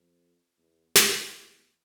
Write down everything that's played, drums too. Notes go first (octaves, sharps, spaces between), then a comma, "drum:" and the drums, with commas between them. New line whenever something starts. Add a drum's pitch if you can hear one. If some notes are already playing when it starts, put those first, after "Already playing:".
Already playing: F2
E2
F2, drum: snare
E2